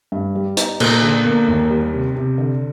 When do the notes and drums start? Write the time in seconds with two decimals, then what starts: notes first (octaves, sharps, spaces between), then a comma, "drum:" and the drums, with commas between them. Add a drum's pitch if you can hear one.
0.12 G2
0.35 G3
0.57 D#4, drum: hi-hat
0.80 A#2, drum: cymbal
1.02 D3
1.25 A#3
1.48 D#2
1.70 G3
1.93 C3
2.16 C3
2.38 D3